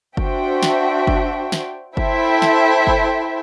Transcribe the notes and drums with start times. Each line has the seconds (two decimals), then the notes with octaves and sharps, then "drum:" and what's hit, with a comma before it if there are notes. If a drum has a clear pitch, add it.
0.17 D4 F#4 C5 E5 G5, drum: kick F#1
0.63 drum: snare
1.07 drum: kick F#1
1.52 drum: snare
1.97 E4 A4 C5 E5 G5, drum: kick F#1
2.42 drum: snare
2.87 drum: kick F#1